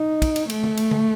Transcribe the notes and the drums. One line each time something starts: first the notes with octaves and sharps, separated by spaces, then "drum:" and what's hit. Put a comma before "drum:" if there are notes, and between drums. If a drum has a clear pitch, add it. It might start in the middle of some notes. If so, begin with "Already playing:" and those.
Already playing: D#4
drum: kick, cymbal
drum: cymbal
A3, drum: cymbal
drum: tom
drum: cymbal
drum: tom